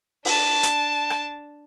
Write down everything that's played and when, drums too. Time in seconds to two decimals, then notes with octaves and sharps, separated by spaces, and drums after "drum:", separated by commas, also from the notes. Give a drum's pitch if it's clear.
0.25 D4 A5, drum: open hi-hat
0.63 drum: hi-hat
1.10 drum: rim click